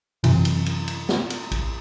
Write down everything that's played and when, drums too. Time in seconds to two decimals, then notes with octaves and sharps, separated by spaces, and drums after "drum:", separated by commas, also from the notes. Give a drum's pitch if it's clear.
0.24 F#2 C3 E3, drum: cymbal
0.45 drum: cymbal
0.66 drum: cymbal
0.88 drum: cymbal
1.09 drum: snare
1.30 drum: cymbal
1.51 drum: kick A1, cymbal